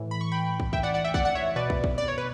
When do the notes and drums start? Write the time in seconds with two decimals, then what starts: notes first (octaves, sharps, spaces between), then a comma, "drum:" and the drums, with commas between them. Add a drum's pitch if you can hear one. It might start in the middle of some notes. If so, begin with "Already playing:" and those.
Already playing: A2 E3
0.11 B5
0.21 C#6
0.32 G5 B5
0.60 drum: kick
0.73 E5 G5, drum: kick
0.83 D5 F#5
0.94 D5 F#5
1.04 E5 G5
1.14 D5 F#5, drum: kick
1.25 F#5
1.35 C#5 E5
1.56 B2 B4 D5
1.70 drum: kick
1.84 drum: kick
1.98 D5
2.08 C#5
2.18 B4